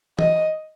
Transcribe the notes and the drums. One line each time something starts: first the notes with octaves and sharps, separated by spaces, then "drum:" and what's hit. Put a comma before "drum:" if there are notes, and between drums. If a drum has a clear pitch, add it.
D#5, drum: tom E3